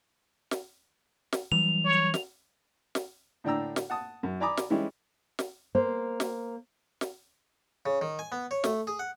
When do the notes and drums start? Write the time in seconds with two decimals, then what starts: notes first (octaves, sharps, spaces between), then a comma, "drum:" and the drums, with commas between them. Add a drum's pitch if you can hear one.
0.51 drum: snare
1.33 drum: snare
1.52 E3 F#3 G3 F7
1.85 C#5
2.14 drum: snare
2.95 drum: snare
3.44 A2 D3 D4 G5 A#5 E6
3.76 drum: snare
3.90 F#5 A5 D#6
4.23 F#2
4.40 D5 G#5 A#5 B5 D6 D#6
4.57 drum: snare
4.70 E3 G3 G#3 C#4 E4 G4
5.39 drum: snare
5.75 A#3 C5
6.20 drum: snare
7.01 drum: snare
7.86 C#3
8.01 D#3
8.19 G#5
8.32 B3
8.51 C#5
8.64 A3, drum: snare
8.87 G#4
8.99 F#5